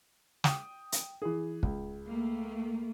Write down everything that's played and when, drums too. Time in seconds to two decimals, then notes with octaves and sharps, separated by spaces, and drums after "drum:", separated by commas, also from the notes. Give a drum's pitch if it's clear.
0.44 G5 D#6, drum: snare
0.92 drum: hi-hat
1.22 E3 G#4
1.63 C#2, drum: kick
2.07 A3 A#3